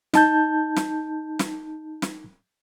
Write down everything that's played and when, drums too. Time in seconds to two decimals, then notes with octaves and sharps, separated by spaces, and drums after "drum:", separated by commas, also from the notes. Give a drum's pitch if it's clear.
0.14 D#4 A5 G6, drum: snare
0.76 drum: snare
1.39 drum: snare
2.02 drum: snare